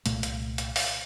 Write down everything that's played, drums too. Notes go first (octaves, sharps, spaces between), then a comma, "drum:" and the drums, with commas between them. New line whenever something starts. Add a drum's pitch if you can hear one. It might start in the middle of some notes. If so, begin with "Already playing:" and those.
C2 A#2 A3, drum: hi-hat
drum: hi-hat
drum: hi-hat
drum: open hi-hat